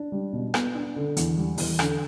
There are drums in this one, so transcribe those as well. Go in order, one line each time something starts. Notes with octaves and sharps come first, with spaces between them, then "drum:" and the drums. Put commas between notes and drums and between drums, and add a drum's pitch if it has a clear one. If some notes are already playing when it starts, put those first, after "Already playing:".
Already playing: D4
G3
B2
B3, drum: rim click
D4
D3
E2, drum: hi-hat
G3
E2, drum: open hi-hat
D3, drum: rim click